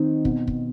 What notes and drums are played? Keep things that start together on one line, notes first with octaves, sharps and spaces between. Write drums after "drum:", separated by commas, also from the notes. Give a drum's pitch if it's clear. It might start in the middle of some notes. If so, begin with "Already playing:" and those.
Already playing: D#3 C4 D#4
B2, drum: kick
drum: kick